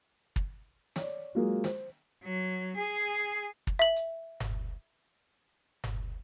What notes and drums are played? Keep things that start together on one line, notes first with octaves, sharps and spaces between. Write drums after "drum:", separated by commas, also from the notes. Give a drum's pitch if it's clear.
drum: kick
C#5 D5, drum: snare
F#3 G#3 A#3 F4 F#4
C5, drum: snare
F#3
G#4
drum: kick
E5 F#7
drum: hi-hat
drum: tom F#1
drum: tom F#1